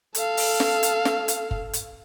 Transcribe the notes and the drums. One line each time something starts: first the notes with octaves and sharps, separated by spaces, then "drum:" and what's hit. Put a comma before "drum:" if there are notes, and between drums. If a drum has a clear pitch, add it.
A4 F5, drum: hi-hat
drum: open hi-hat
drum: snare
drum: hi-hat
drum: snare
drum: hi-hat
drum: kick F#1
drum: hi-hat